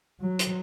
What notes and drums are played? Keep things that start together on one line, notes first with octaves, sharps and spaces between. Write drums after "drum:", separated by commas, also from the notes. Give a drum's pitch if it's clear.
F#3
drum: hi-hat